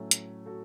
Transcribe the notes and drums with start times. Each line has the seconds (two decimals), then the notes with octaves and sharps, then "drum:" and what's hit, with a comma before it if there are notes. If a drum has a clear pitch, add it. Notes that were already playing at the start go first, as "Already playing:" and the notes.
Already playing: A2 F#3 A3 C#4
0.11 drum: hi-hat
0.46 F#4 A4